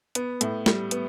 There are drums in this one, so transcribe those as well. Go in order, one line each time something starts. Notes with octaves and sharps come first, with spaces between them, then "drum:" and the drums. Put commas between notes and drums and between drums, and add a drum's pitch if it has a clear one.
B3, drum: hi-hat
A2, drum: hi-hat
G3, drum: snare
B3, drum: hi-hat